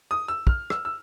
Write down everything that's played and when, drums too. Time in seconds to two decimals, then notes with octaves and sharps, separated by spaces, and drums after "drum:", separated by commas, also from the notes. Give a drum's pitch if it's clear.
0.11 D#6
0.28 E6
0.47 F6, drum: kick
0.70 E6, drum: rim click
0.85 E6